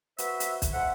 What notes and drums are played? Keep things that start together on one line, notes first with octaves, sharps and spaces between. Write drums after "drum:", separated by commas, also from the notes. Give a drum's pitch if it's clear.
F#4 B4 C5 E5, drum: hi-hat
drum: hi-hat
drum: kick, hi-hat
F2 E5 F#5